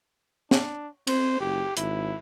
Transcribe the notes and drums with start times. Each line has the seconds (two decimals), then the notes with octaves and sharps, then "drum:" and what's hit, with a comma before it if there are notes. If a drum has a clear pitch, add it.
0.51 D4, drum: snare
1.07 C4 C5, drum: cymbal
1.40 F#1 G4
1.77 G#1 E4, drum: hi-hat